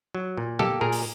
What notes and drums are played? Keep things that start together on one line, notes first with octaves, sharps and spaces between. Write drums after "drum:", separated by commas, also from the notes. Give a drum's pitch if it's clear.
F#3
A#2
A#3 G4 A4, drum: tom A#2
A#2 G#4 A#4
drum: open hi-hat